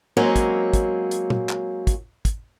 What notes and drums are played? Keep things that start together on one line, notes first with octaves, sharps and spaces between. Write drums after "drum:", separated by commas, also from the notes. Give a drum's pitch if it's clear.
F#3 G#3 A#3 C4 C#4
drum: kick, hi-hat
drum: kick, hi-hat
drum: hi-hat
drum: tom
drum: clap
drum: kick, hi-hat
drum: kick, hi-hat